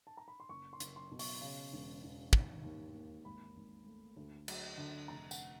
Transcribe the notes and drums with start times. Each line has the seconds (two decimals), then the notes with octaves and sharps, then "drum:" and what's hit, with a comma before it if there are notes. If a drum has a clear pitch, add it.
0.07 A5
0.17 A#5
0.28 B5
0.40 C6
0.49 F#1 C#6
0.73 C6
0.80 F#1, drum: hi-hat
0.96 C6
1.12 B2
1.19 C#6, drum: open hi-hat
1.41 C#3
1.73 E1
2.03 E2
2.33 D#3, drum: kick
2.64 D#2
2.94 A#3
3.25 G#1 B5
3.56 G#1
3.86 A3
4.16 D2
4.48 F#3, drum: cymbal
4.77 D3
5.08 F1 A#5
5.31 F#5, drum: tambourine